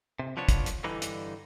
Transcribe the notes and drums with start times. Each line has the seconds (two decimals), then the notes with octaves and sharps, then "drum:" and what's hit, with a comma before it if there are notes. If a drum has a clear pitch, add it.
0.19 C3
0.37 F3 B3 D4 C#5
0.49 drum: kick, hi-hat
0.66 drum: hi-hat
0.84 G2 D3 E3 D#4
1.02 drum: hi-hat